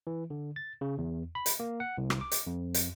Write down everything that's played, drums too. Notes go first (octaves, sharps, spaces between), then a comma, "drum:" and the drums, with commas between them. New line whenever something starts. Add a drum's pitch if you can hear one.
E3
D3
A6
C#3
E2
B5
drum: hi-hat
A#3
F#5
C2
drum: rim click
D6
drum: hi-hat
F2
drum: hi-hat